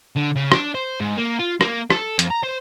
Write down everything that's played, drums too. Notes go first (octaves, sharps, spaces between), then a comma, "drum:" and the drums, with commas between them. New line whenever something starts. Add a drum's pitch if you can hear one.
D3
C#3
D4, drum: rim click
C5
G#2
A#3
F4
A#3, drum: rim click
A4, drum: rim click
F2, drum: hi-hat
A#5
C5